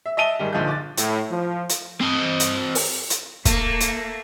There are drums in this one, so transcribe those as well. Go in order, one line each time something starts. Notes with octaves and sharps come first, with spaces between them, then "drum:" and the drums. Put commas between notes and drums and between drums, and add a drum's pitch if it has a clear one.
E5
D#5 E5 A5 D#7 G7
G#2 D#3 G3
A#1 D3 F3 D#4 F4 G6
D6 A6
A2, drum: hi-hat
F3
drum: hi-hat
C4 D#5
drum: hi-hat
drum: open hi-hat
drum: hi-hat
A3 A#3, drum: kick, hi-hat
drum: hi-hat